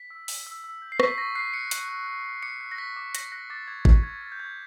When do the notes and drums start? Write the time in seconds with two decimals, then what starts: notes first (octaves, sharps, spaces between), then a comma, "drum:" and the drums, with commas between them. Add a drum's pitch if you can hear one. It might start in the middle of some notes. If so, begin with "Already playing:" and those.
Already playing: B6
0.10 E6
0.28 E6, drum: open hi-hat
0.47 E6
0.64 E6
0.82 G6
0.92 C7
1.00 C#6 B6, drum: rim click
1.18 C#6 A#6
1.35 F#6 C7
1.53 F#6 C#7
1.71 F#6, drum: hi-hat
1.89 F#6
2.07 F#6
2.25 F#6
2.43 D6 C#7
2.61 F#6
2.72 A#6
2.78 F#6 B6
2.96 D6
3.15 D6 A#6, drum: hi-hat
3.32 F#6 A#6
3.50 D6 A6
3.67 D6 G#6
3.85 C#6, drum: kick A1
4.03 F6 G#6
4.21 F6 A6
4.32 G6
4.39 C#6 G#6